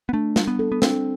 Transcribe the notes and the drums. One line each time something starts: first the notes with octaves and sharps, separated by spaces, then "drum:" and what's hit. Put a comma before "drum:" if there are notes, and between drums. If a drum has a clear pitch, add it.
B3
A3 D4
G3, drum: snare
B3
A4
B3
C4 D4, drum: snare